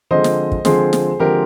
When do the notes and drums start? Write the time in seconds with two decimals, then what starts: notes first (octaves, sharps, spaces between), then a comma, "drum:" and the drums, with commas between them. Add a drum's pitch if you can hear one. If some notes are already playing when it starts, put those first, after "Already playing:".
0.11 D3 F3 G#3 C4 C5 D#5
0.24 drum: snare
0.52 drum: kick
0.65 D3 F3 G#3 C4 G#4 C5, drum: snare
0.93 drum: snare
1.20 D3 F3 G#3 C4 G4 A#4